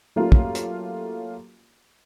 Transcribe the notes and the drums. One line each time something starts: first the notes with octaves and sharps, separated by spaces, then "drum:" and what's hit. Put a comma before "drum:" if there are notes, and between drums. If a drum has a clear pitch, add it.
F#3 A3 A#3 C#4 F4 G4
drum: kick
drum: hi-hat